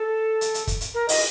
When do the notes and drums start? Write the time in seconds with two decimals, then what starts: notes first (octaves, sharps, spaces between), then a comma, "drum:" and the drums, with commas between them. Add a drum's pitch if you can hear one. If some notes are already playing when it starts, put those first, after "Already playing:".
Already playing: A4
0.41 drum: hi-hat
0.54 drum: hi-hat
0.67 drum: kick, hi-hat
0.81 drum: hi-hat
0.94 A#4
1.09 D#5, drum: open hi-hat